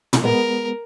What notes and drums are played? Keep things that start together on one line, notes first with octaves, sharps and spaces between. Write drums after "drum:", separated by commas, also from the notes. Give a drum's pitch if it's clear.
drum: tom
G#3 B3 A#4